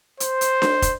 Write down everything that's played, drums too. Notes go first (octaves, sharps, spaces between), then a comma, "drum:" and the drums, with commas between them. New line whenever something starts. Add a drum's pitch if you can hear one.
C5, drum: hi-hat
drum: hi-hat
drum: snare D4
drum: kick, hi-hat